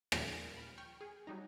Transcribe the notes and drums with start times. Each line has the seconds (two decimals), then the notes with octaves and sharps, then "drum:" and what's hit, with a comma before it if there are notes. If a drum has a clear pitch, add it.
0.12 D#2 A#2 D#3 F3 G3 A#3, drum: rim click
0.57 B5 F6
0.78 G5 C#6 F6
1.01 G#4
1.27 F#3 G3 D#4